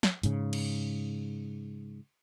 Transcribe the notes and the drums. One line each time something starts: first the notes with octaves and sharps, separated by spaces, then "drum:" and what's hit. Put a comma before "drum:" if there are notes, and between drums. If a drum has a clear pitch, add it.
drum: snare
G#2 C#3, drum: hi-hat
drum: cymbal